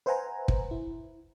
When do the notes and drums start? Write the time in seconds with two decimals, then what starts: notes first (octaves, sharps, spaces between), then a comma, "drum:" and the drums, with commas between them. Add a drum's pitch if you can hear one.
0.06 B4 C5 E5 F#5 G#5 A#5
0.48 drum: kick
0.71 E4